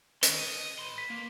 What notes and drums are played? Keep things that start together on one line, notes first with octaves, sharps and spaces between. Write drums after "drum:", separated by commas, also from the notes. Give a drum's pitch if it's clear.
D#3 C#4, drum: hi-hat
D#5
B4 C6
B6
A#3